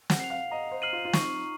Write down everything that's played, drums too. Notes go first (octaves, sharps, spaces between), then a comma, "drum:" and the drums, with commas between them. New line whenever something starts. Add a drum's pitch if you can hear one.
F#5, drum: snare
C7 F7
F5
D#5 A#5
C5
F6 C7 D#7 F#7
F4
F4
D#4 C#6, drum: snare